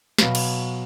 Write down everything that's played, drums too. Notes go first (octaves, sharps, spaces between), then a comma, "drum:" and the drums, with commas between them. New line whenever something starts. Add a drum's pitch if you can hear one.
B2 F#3 B3 F5, drum: snare
drum: cymbal